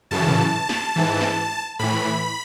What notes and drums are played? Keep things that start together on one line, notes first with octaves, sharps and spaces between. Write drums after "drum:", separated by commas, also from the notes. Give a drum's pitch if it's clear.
F#2 C#3 E3 A5
drum: tom
drum: snare
G#2 E3
drum: snare
A2 E3 B5